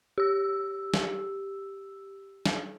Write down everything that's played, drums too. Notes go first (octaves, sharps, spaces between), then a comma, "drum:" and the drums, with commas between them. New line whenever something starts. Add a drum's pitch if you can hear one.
G4 E6
drum: snare
drum: snare